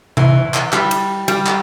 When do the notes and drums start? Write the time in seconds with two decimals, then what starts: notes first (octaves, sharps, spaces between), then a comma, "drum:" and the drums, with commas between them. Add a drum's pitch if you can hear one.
0.17 E3, drum: tom C3
0.54 drum: clap
0.73 G3, drum: clap
0.91 drum: cymbal
1.28 G3, drum: cymbal
1.46 drum: clap